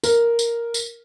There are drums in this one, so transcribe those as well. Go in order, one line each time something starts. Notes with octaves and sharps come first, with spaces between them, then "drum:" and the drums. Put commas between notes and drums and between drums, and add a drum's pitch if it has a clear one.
A#4, drum: tambourine
drum: tambourine
drum: tambourine